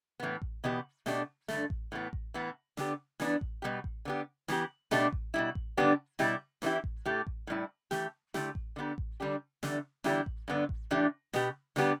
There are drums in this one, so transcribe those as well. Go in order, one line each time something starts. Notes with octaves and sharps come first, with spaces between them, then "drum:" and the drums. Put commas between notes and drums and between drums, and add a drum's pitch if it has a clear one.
A2 E3 B3
drum: kick A1
E2 B2 B3 G4
B2 A3 D4 G4, drum: snare
G2 D3 A3, drum: snare
drum: kick A1
A2 E3 B3
drum: kick A1
A2 E3 B3
D3 B3 G4, drum: snare
E3 B3 D4, drum: snare
drum: kick A1
B2 G3 B3 G4
drum: kick A1
D3 B3 G4
E3 B3 G4, drum: snare
B2 A3 D4 G4, drum: snare
drum: kick A1
B2 G3 E4
drum: kick A1
G2 D3 B3 D4 G4
B2 G3 E4 G4, drum: snare
E2 E3 A3 E4 G4, drum: snare
drum: kick A1
A2 A3 G4
drum: kick A1
A2 G3 E4
E3 A3 G4, drum: snare
D3 A3 E4 G4, drum: snare
drum: kick A1
D3 B3 G4
drum: kick A1
D3 G3 D4 G4
E2 D3 G3, drum: snare
E2 D3 G3 E4 G4, drum: snare
drum: kick A1
G2 D3 B3
drum: kick A1
A2 E3 A3 D4 G4
B2 B3 G4, drum: snare
D3 G3 B3 G4, drum: snare